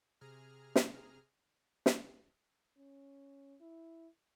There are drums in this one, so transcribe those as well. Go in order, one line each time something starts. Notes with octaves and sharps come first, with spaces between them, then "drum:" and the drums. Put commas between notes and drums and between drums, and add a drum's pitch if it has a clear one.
C3 G#4 A#5 F6
drum: snare
drum: snare
C#4
E4